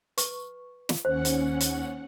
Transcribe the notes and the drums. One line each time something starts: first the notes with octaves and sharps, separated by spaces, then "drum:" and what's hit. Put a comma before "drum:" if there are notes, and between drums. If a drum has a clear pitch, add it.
B4 C#6, drum: hi-hat
drum: snare
D#2 C#4 C5 F#5
drum: hi-hat
drum: hi-hat